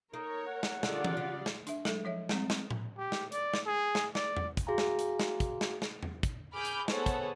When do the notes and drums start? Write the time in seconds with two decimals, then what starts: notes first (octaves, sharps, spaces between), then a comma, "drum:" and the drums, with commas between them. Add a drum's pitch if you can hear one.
0.14 A#3 D#4 A#4 C#5
0.47 F#5
0.63 drum: snare
0.83 D3 D#3 G3 G#3 F4 D5, drum: snare
1.05 drum: tom E3
1.17 C#3
1.46 drum: snare
1.67 D4 E5, drum: hi-hat
1.85 F#3 G#3 A4, drum: snare
2.05 F3 C#5 E5
2.29 G3 G#3 C4, drum: snare
2.50 drum: snare
2.71 drum: tom A2
2.98 G4
3.12 drum: snare
3.32 D5, drum: hi-hat
3.54 drum: snare
3.66 G#4
3.95 drum: snare
4.15 D5, drum: snare
4.37 drum: tom E2
4.57 drum: kick, hi-hat
4.67 F#4 G#4 F5 G#5 A#5
4.78 drum: snare
4.99 drum: hi-hat
5.20 drum: snare
5.40 drum: kick, hi-hat
5.61 drum: snare
5.82 drum: snare
6.03 drum: tom E2
6.23 drum: kick, hi-hat
6.53 G#4 B5 D6 F6 G6
6.65 drum: hi-hat
6.88 B3 G#4 A4 C5 C#5 F#5, drum: snare
7.06 drum: kick, hi-hat